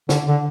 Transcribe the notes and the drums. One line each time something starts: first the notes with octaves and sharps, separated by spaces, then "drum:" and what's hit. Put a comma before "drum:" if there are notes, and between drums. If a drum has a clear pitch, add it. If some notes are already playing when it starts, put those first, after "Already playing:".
D3, drum: snare
D3